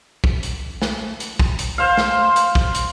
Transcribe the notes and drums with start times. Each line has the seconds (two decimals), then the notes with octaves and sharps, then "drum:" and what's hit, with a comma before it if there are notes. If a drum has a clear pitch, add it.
0.24 drum: kick
0.43 drum: hi-hat
0.82 drum: snare
1.20 drum: hi-hat
1.39 drum: kick
1.59 drum: hi-hat
1.78 C5 F5
1.97 drum: snare
2.36 drum: hi-hat
2.55 drum: kick
2.75 drum: hi-hat